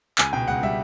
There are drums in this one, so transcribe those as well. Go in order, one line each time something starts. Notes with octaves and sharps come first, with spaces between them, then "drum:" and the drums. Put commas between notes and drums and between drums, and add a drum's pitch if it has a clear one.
C#2 G#5, drum: clap
B2 G5
C#2 F#5
G3 E5